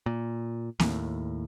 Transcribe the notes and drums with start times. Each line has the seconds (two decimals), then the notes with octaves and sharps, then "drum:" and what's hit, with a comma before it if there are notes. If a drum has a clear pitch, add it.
0.06 A#2
0.80 D#2 A2, drum: snare A#3